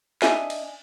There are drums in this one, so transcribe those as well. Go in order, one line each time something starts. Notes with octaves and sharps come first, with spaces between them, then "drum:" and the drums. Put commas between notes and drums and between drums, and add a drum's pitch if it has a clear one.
D4 D#5 E5 G#5, drum: snare
drum: cymbal